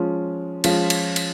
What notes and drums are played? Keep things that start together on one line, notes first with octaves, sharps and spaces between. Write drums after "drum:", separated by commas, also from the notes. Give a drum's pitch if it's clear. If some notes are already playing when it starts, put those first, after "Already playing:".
Already playing: F3 G#3 C#4 F4
F3 G#3 C#4 F4, drum: cymbal
drum: cymbal
drum: cymbal